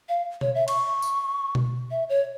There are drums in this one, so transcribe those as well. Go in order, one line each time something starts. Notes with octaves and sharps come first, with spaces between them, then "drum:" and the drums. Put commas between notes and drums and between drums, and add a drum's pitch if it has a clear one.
F5
C#5, drum: tom B2
E5
C#6, drum: cymbal
drum: tambourine
drum: tom B2
E5
C#5